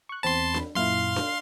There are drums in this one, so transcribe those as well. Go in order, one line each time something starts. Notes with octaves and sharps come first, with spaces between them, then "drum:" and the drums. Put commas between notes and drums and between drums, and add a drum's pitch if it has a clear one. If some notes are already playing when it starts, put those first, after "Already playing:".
C#6 F#6
E2 C4 A5 B5 C6
drum: snare D4
F#2 A#2 E4 F5 C6
drum: snare D4